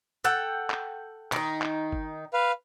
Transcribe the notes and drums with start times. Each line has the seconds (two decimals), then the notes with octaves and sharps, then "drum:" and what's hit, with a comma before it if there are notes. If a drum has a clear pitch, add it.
0.24 A4 F#5 G5
0.70 drum: clap
1.32 D#3 D#4, drum: clap
1.62 drum: clap
1.92 drum: kick G1
2.33 B4 F5